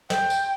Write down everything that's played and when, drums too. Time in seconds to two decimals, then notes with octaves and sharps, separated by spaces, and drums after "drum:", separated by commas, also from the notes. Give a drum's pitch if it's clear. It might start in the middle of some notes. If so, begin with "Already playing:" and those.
0.10 G5, drum: snare
0.30 drum: tambourine